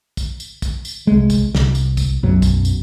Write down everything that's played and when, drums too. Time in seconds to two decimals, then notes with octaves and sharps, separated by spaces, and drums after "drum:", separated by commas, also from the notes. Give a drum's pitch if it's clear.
0.17 drum: kick, tambourine
0.40 drum: tambourine
0.62 drum: kick, tambourine
0.85 drum: tambourine
1.07 C2 G#3
1.30 drum: kick, tambourine
1.55 C2, drum: snare
1.75 drum: tambourine
1.97 drum: kick, tambourine
2.23 B1 F#2 F#3
2.42 drum: kick, tambourine
2.65 drum: tambourine